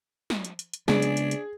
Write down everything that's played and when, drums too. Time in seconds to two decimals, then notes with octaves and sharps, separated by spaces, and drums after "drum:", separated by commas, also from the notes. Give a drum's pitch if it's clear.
0.30 drum: snare
0.45 drum: hi-hat
0.59 drum: hi-hat
0.73 drum: hi-hat
0.88 C#3 G#3 B3 D4 G#4, drum: snare
1.02 drum: hi-hat
1.17 drum: hi-hat
1.31 drum: hi-hat